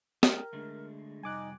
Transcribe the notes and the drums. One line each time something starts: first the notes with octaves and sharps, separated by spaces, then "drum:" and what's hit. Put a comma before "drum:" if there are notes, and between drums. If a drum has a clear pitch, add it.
G4 A#4, drum: snare
D3 G#3 A3
F2 C3 G3 D#4 G#5 D6 F#6